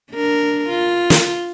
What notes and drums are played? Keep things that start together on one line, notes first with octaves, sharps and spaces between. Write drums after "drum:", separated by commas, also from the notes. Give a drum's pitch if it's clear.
D4 A#4
F4
drum: snare